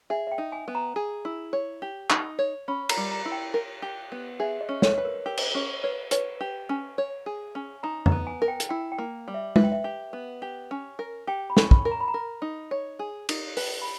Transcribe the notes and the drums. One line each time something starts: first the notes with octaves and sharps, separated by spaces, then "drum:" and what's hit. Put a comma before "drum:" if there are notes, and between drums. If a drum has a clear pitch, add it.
G#4 E5
E5
G5
D#4
G#5
B3
A#5
G#4
E4
C#5
G4
D#4, drum: clap
C#5
C#4 B5
A#5, drum: cymbal
G3
A#5
E4
G5
A#4
G4
B3
G#4 E5
D#5
C#4
C#5, drum: snare
B4
A#4
G4 A#4
drum: cymbal
C#4 G#4
B4 C#5
B4 C#5, drum: hi-hat
G4
C#4
C#5
G#4
C#4
D#4 A#5
A#5, drum: tom F2
B3
G#5
A#4
G5
drum: hi-hat
E4 G5
G5
A#3
G3
E5
B4 E5, drum: tom
G5
E5
G4
B3
G4
C#4
A#4
G4 G5
B5
C#4, drum: snare
B5, drum: kick
A#4
A#5
B5
A#5
A#4
D#4
C#5
G#4
D#4, drum: cymbal
B4, drum: open hi-hat
B5